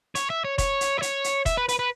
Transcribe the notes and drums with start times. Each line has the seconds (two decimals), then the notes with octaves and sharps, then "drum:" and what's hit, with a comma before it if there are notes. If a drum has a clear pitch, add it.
0.15 C#5, drum: hi-hat
0.30 E5
0.45 C#5
0.58 C#5, drum: kick F1, hi-hat
0.81 drum: hi-hat
0.99 E5
1.02 C#5, drum: hi-hat
1.24 drum: hi-hat
1.46 E5, drum: kick F1, hi-hat
1.57 B4
1.69 B4, drum: hi-hat
1.79 B4